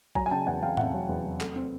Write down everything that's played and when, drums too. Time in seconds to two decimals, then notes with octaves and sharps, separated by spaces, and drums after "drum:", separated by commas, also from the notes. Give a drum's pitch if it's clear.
0.15 F#3 G#5 A#5, drum: kick
0.26 G#5
0.31 C#3 G5 A5
0.47 E2 F#5 G#5
0.62 E2 F5 G5
0.77 F1 E5 F#5, drum: tom A2
0.94 F#3
1.09 E2
1.24 F#3
1.40 A3, drum: clap
1.56 C4